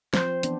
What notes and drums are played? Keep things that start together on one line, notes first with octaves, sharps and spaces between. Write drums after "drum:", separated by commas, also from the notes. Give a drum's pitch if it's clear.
F3 C4 C5, drum: snare
E3 B3 D4, drum: hi-hat